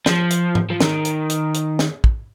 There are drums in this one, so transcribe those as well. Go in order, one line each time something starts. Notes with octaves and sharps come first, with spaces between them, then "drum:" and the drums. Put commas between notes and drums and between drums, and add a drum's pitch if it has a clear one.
F3, drum: snare
drum: hi-hat
drum: tom G#2
F3
D#3, drum: snare
drum: hi-hat
drum: hi-hat
drum: hi-hat
drum: snare
drum: kick